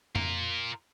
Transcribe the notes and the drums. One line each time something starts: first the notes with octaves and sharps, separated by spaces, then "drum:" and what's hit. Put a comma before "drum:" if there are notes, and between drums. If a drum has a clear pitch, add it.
F4 A#4, drum: tom F2